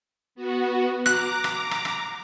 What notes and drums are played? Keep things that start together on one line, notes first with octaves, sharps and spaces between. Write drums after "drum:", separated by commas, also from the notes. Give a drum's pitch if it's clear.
B3 F#4
A#5 D6 F#6, drum: rim click
drum: rim click
drum: rim click
drum: rim click